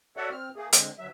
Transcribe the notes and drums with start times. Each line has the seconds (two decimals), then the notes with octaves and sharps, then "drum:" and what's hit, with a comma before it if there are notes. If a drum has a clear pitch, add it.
0.17 F#4 A4 C#5 D5 E5 F#5
0.31 C4 F6
0.56 A3 A#3 G#4
0.73 D3 G#3 C4, drum: hi-hat
0.99 D2 F#3 E5